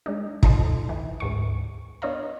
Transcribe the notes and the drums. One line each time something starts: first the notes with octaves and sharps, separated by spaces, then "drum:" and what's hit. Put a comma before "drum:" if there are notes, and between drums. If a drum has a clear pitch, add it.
G#3 D4 D#4
D#4 F4 A4 C5 D#5, drum: kick
E3
D2 G#2 C#6
B3 D4 C#5 D#5 F5 A#5